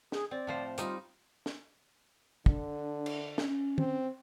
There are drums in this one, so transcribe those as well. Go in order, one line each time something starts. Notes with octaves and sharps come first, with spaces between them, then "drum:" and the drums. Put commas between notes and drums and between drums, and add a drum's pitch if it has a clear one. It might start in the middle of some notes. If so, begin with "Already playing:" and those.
G#4, drum: snare
C4 D5
A2 F3 C5
G3 D#4 F4, drum: hi-hat
drum: snare
D3 D4, drum: kick
drum: cymbal
C#4, drum: snare
C4, drum: tom